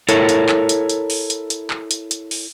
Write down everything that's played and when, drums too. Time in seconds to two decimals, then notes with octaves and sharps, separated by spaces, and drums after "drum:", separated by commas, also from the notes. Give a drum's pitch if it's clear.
0.09 E4 A4 A#4 C#5, drum: hi-hat
0.29 drum: hi-hat
0.49 drum: clap
0.69 drum: hi-hat
0.90 drum: hi-hat
1.10 drum: open hi-hat
1.30 drum: hi-hat
1.50 drum: hi-hat
1.70 drum: clap
1.91 drum: hi-hat
2.11 drum: hi-hat
2.31 drum: open hi-hat